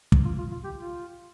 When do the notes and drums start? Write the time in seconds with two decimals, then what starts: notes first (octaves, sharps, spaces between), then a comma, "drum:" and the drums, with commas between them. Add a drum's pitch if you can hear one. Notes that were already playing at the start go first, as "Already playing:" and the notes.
0.12 drum: kick
0.25 F4
0.38 F4
0.52 F4
0.64 G4
0.78 F4